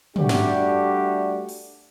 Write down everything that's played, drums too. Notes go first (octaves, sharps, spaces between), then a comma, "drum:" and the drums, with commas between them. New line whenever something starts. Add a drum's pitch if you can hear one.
G3 A3 D4 F#4 G4, drum: tom
drum: snare
drum: open hi-hat